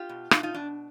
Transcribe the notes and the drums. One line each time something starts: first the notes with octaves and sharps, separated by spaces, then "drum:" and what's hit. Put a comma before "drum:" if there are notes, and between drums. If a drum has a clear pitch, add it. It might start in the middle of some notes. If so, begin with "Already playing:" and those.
Already playing: F4 G4
B2
B2 D#4 F4, drum: rim click
D#4 F4
B2 D4